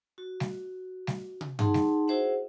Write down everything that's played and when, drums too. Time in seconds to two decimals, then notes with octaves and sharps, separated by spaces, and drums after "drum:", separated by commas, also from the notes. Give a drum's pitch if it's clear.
0.18 F#4
0.40 drum: snare G3
1.07 drum: snare G3
1.41 drum: tom
1.59 D#4 G#4 F#5 A5 C6, drum: tom G2
1.74 drum: snare G3
2.08 E4 F#4 G#4 C5 E5 F#5